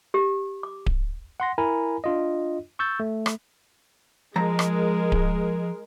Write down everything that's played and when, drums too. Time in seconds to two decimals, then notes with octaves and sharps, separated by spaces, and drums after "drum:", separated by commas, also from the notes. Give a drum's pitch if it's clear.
0.14 G4
0.63 D6
0.86 drum: kick D1
1.40 F#5 C6 A#6
1.58 E4 A#4 G#5 A#5 B5
2.04 D4 F4 D#5
2.79 C#6 E6 G6 A6
3.00 A3
3.26 drum: rim click
4.36 F3 G#3 A#4 A#5
4.59 drum: rim click
5.12 drum: kick D1